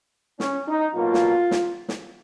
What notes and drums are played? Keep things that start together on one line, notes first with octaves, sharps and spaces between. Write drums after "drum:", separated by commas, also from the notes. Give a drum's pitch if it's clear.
C#4, drum: snare
D#4
B2 F#3 A#3 F4
drum: snare
drum: snare
drum: snare